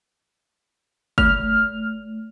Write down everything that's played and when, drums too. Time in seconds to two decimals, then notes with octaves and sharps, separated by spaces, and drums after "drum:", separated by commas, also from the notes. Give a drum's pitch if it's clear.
1.18 A3 F6, drum: kick